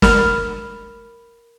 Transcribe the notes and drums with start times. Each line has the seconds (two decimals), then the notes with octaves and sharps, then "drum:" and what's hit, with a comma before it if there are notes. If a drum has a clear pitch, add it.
0.02 A#4 B5 F6 E7 F7, drum: snare